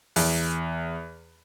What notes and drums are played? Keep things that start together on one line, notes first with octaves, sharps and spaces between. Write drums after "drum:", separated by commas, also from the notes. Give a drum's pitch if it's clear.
E2, drum: open hi-hat